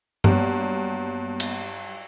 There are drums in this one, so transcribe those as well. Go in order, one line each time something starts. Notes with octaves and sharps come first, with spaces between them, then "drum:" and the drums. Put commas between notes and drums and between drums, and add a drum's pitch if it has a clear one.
G2 F#3 A#3 B3 G4, drum: tom G2
drum: cymbal